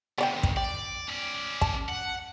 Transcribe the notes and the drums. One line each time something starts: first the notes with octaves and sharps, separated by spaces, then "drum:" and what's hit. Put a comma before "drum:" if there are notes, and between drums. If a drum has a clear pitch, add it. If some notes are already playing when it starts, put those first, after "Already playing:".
D2 C3 B3 D5 G5
drum: kick
D5 G5
C#4 D5
A5, drum: kick
F#5